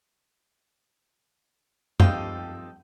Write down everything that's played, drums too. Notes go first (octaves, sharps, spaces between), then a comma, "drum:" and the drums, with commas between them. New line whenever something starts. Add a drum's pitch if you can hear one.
F3 C4 D#4 G4 A4 F5 G5 D#7, drum: tom F#2